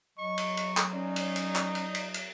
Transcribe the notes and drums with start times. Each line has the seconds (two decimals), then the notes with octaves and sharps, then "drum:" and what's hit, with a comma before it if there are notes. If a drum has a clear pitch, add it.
0.18 F#3 D#5 C#6
0.38 drum: cymbal
0.57 drum: cymbal
0.77 drum: clap
0.93 C#4 D#4 D5
1.16 drum: cymbal
1.36 drum: cymbal
1.55 drum: clap
1.75 drum: cymbal
1.95 drum: cymbal
2.14 drum: cymbal